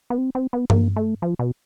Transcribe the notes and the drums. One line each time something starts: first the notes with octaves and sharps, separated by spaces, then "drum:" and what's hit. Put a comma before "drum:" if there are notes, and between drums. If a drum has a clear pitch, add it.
B3
C4
C4
B3
A#3, drum: tom G2
A3
F3
B2